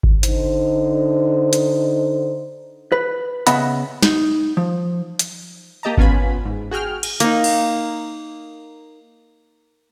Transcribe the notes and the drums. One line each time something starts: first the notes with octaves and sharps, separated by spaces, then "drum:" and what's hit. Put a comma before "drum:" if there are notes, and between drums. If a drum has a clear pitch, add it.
drum: kick G#1
D3 D#4 C5, drum: hi-hat
drum: hi-hat
B4
C#3 B3 D#5 E5 F#5 B5, drum: hi-hat
D#4, drum: snare
F3
drum: hi-hat
A#3 G4 D#5 A5 A#5
B3 C#4 F4 B4 G#5 B5, drum: kick G#1
G#2
F#4 G#4 G5 F6
drum: cymbal
A#3 D#4, drum: hi-hat
drum: cymbal